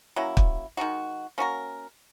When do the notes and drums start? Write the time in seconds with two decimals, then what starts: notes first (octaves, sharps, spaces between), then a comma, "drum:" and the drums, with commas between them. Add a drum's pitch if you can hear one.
0.16 F#3 A#3 C#4 E4
0.37 drum: kick
0.77 D#3 G#3 D#4 F#4
1.38 A#3 C#4 F#4 A#4